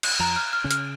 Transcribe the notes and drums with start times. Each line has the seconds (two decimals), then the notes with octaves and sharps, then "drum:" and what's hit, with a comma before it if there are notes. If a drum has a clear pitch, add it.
0.03 drum: cymbal
0.19 F2 F3 A#5
0.36 F6
0.53 F6
0.64 C#3 C#4
0.71 F6, drum: hi-hat